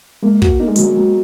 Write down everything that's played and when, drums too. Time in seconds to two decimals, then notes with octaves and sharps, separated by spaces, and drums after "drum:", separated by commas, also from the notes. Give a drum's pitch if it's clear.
0.23 G#3 A#3
0.42 F#4, drum: kick
0.60 A#3 D#4
0.67 G#3
0.76 D3 F#3, drum: hi-hat
0.84 G#3
0.97 F#3 G#3